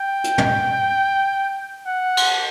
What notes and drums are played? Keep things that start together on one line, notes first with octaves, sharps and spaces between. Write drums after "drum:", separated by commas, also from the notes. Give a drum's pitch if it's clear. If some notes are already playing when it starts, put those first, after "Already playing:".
Already playing: G5
drum: hi-hat
drum: tom
F#5
drum: cymbal